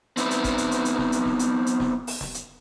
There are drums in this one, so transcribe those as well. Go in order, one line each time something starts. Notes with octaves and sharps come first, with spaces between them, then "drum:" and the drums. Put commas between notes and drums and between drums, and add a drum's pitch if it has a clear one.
B3 C4 D#4 E4, drum: hi-hat
drum: hi-hat
drum: kick F#1, hi-hat
drum: hi-hat
drum: hi-hat
drum: hi-hat
drum: snare
drum: hi-hat
drum: snare
drum: hi-hat
drum: hi-hat
drum: snare
drum: open hi-hat
drum: snare
drum: hi-hat